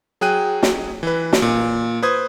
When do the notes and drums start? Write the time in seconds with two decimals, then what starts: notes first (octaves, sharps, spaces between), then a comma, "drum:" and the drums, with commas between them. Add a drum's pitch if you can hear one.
0.21 F#3 G#4 G5 F#6 D#7
0.63 drum: snare
1.03 E3 B4
1.33 drum: snare
1.42 A#2
2.03 B4 C5 D#6 G#6